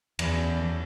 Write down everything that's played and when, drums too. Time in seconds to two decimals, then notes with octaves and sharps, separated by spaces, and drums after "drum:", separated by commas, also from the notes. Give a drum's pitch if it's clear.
0.19 E2, drum: cymbal